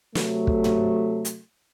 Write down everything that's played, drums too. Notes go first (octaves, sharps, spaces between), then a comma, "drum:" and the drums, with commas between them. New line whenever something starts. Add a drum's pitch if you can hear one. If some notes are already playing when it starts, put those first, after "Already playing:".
C3 F#3 A3, drum: snare
drum: kick
drum: tom
drum: hi-hat